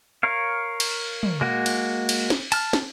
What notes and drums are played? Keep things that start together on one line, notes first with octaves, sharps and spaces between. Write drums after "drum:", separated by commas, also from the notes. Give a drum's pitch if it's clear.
A#4 C#5 F5
drum: cymbal
drum: tom
G#3 A#3 F#4
drum: cymbal
drum: cymbal
drum: snare
A5 F6, drum: cymbal
drum: snare